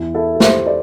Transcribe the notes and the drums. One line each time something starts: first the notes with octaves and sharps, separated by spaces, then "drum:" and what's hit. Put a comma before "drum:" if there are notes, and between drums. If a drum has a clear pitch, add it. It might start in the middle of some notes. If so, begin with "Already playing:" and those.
Already playing: E2 E3
E4 A4
A4
G4 C5, drum: snare
A4 D5